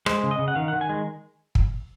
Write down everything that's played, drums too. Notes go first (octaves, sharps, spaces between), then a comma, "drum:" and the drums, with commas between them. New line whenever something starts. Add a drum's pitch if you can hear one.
G#3 C5, drum: rim click
C#3
D#5
C#3
F#5
D#3 F5
D#3 F#5
G#5
G#3
drum: kick